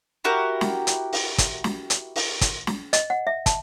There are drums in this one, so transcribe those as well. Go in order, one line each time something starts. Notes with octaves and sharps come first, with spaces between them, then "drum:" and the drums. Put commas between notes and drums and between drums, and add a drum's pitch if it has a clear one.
E4 F#4 G4 A#4
drum: snare
drum: hi-hat
drum: open hi-hat
drum: kick, hi-hat
drum: snare
drum: hi-hat
drum: open hi-hat
drum: kick, hi-hat
drum: snare
D#5, drum: hi-hat
F#5
E5
A5, drum: kick, hi-hat